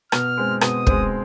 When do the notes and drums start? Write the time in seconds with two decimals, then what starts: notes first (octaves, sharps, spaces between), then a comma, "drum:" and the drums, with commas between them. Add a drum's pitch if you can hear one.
0.12 B2 F6, drum: rim click
0.37 G#3 C4
0.61 B2 D#6, drum: rim click
0.87 G#3 C4, drum: kick